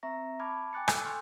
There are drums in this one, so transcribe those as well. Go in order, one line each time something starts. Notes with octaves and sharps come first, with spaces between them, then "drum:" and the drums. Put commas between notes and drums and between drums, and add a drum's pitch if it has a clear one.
C4 E5 A#5 C#6 A#6
A5 B5 C#6 D6 F6 G#6
G5 G#5 D6 F#6 A6 C#7
A4 C#6 E6, drum: rim click
G#5 C6 C#6 F6 G6